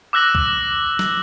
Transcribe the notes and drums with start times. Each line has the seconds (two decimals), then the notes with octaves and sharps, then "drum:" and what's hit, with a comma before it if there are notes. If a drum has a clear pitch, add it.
0.13 D6 E6 F#6 A#6 F#7
0.35 drum: kick
0.99 drum: snare